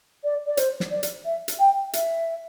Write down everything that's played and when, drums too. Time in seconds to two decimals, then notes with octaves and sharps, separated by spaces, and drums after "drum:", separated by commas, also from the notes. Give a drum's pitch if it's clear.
0.24 D5
0.46 D5
0.57 C5, drum: hi-hat
0.80 drum: snare
0.91 D5
1.03 drum: hi-hat
1.25 E5
1.48 drum: hi-hat
1.59 G5
1.93 E5, drum: hi-hat